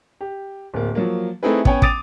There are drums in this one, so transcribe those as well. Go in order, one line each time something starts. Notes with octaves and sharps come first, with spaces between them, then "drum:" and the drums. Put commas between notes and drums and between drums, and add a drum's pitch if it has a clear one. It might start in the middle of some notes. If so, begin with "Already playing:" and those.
G4
D1 A#3
F3 F#3 A#3
A3 C4 D#4 E4 G#4 B4
B3 C#4 C#5 G5 G#5, drum: kick
D6 D#6 A6 D7 D#7 F7, drum: kick